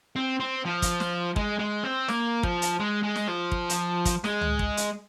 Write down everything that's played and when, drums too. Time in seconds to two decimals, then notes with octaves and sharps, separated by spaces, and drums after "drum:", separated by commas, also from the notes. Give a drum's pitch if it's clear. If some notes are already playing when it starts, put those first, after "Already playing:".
0.16 C4
0.40 C4
0.65 F3
0.82 drum: kick, hi-hat
1.00 drum: snare
1.36 G#3, drum: kick
1.59 G#3
1.84 C4
2.09 A#3, drum: snare
2.43 F3, drum: kick
2.62 drum: hi-hat
2.80 G#3
3.03 G#3
3.16 drum: snare
3.28 F3
3.52 drum: kick
3.69 drum: hi-hat
4.05 drum: kick, hi-hat
4.24 G#3, drum: snare
4.41 drum: tom C#2
4.59 drum: kick
4.77 drum: hi-hat